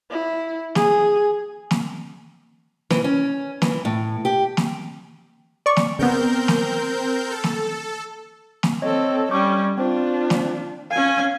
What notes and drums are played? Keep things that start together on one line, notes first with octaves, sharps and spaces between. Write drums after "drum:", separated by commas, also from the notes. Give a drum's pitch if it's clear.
E4
G#4, drum: snare
drum: snare
E3, drum: snare
C#4
E3, drum: snare
A2
G4
drum: snare
D5 C#6
drum: snare
C#3 B3 C4 A#4 G6
drum: snare
A4
drum: snare
drum: snare
C4 A4 C#5 D#5
G3 C#4 C#6 D6 G6
C4 D4 F4 C5
drum: snare
C#4 F5 G#5